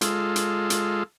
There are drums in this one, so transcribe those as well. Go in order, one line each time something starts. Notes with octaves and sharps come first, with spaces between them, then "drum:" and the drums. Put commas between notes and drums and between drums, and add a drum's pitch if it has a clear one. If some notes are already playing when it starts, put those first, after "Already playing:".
G#3 F4 A4, drum: hi-hat
drum: hi-hat
drum: hi-hat